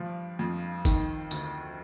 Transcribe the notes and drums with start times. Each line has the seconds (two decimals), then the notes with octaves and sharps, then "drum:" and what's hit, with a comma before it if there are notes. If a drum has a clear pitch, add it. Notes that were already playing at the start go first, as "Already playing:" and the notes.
Already playing: G2 F3
0.39 F2
0.85 D#3, drum: kick, tambourine
1.31 D2, drum: tambourine